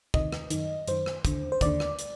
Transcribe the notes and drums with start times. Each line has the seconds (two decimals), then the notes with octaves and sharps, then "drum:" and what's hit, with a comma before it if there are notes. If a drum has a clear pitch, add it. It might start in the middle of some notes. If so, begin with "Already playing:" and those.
0.14 D2 C3 D#3 D#5, drum: kick
0.32 drum: rim click
0.50 F#2 D#3, drum: hi-hat
0.88 F#2 D#3 C5, drum: hi-hat
1.06 drum: rim click
1.25 D#2 D3, drum: kick, hi-hat
1.52 C5
1.61 D#2 D3 D5, drum: kick, hi-hat
1.80 drum: rim click
1.99 drum: hi-hat